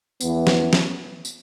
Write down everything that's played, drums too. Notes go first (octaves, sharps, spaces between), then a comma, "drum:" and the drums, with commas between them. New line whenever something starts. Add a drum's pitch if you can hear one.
E2 E3 B3, drum: tambourine
drum: snare
drum: snare
drum: tambourine